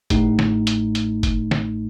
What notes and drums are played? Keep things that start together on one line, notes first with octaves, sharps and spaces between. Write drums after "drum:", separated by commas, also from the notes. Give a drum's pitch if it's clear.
A1 A2 A3 D#4, drum: kick F#1, hi-hat
drum: snare
drum: hi-hat
drum: hi-hat
drum: kick F#1, hi-hat
drum: snare